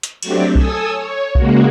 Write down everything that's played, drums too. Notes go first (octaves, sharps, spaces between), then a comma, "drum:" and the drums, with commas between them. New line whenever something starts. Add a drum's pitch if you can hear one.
drum: hi-hat
F#3 A3 C4 D4 G4, drum: cymbal
A4 G#5 D#6 E6, drum: kick B1
C#5
C#3 G#3 A#3 F#4, drum: kick B1